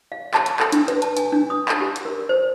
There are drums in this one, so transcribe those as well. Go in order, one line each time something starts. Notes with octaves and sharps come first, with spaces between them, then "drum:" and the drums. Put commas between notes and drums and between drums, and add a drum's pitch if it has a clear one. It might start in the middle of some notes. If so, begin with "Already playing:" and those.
F5
A5, drum: clap
drum: hi-hat
A4, drum: clap
D4, drum: hi-hat
B4, drum: hi-hat
A5, drum: hi-hat
G#5, drum: hi-hat
D4
D#6
drum: clap
G4
drum: hi-hat
A#4
C5